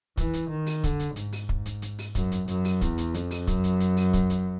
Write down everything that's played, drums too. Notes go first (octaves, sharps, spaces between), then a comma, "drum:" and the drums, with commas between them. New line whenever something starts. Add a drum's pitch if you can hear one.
E3, drum: kick, hi-hat
drum: hi-hat
D#3
drum: open hi-hat
D3, drum: kick, hi-hat
drum: hi-hat
G#2, drum: hi-hat
drum: open hi-hat
drum: kick
drum: hi-hat
drum: hi-hat
drum: open hi-hat
F#2, drum: kick, hi-hat
drum: hi-hat
F#2, drum: hi-hat
drum: open hi-hat
E2, drum: kick, hi-hat
drum: hi-hat
F2, drum: hi-hat
drum: open hi-hat
F#2, drum: kick, hi-hat
drum: hi-hat
drum: hi-hat
drum: open hi-hat
drum: kick, hi-hat
drum: hi-hat